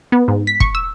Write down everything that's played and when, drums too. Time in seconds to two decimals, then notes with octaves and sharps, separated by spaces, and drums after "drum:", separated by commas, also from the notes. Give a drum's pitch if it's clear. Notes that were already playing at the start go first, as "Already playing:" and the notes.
0.12 B3
0.28 G#2
0.47 B6
0.60 C#6, drum: kick
0.75 E6